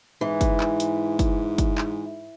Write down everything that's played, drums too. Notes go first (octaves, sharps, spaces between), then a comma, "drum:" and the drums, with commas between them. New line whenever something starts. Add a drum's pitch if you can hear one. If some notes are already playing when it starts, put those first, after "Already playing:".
G#2 E3
drum: kick, hi-hat
drum: clap
drum: hi-hat
drum: kick, hi-hat
drum: kick, hi-hat
drum: clap